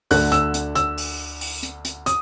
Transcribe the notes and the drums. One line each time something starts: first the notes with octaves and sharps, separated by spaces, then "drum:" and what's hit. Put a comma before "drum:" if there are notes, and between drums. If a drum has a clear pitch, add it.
D2 D3 F#6, drum: open hi-hat
E6, drum: hi-hat
drum: hi-hat
E6, drum: hi-hat
drum: open hi-hat
drum: open hi-hat
drum: hi-hat
drum: hi-hat
D#6, drum: hi-hat